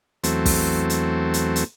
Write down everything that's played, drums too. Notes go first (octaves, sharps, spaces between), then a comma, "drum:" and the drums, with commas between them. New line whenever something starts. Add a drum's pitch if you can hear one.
E2 F#3 A3 C4, drum: hi-hat
drum: kick, open hi-hat
drum: hi-hat
drum: hi-hat
drum: hi-hat